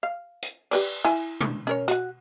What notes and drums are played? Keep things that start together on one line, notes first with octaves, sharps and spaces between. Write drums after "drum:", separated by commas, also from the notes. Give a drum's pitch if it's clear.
F5
drum: hi-hat
G4 B4 D5, drum: cymbal
E4 G#5
drum: tom
C#4 A#4 C#5
F#4 F#5, drum: hi-hat